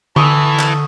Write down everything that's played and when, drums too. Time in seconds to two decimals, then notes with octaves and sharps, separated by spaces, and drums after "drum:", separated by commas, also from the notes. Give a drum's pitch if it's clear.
0.16 D3 E3 A5 C#6 D#6 E6, drum: tom D3
0.59 drum: clap